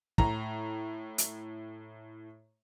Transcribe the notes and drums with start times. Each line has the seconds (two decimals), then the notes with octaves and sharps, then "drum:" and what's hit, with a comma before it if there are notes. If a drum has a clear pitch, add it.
0.18 A2 A#5, drum: kick
1.18 drum: hi-hat